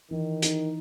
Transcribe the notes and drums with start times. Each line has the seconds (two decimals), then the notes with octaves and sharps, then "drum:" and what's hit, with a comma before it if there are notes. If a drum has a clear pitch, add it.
0.11 D#3 E3
0.42 D#4, drum: hi-hat